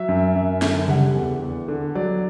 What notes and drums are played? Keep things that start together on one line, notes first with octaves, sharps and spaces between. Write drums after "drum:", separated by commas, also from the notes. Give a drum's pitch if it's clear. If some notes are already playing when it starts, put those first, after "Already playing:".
Already playing: F#3 E5
F#2
F#2
D3, drum: snare
G3 F#5, drum: tom C3
E2
E2
D3
F#3 D5